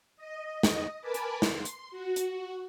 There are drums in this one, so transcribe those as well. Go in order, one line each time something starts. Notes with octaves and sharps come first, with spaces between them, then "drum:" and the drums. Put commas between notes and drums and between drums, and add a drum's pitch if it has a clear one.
D#5
drum: snare
A#4 B4 G#5 A5 B5 D6
drum: hi-hat
C6, drum: snare
drum: hi-hat
F#4
drum: hi-hat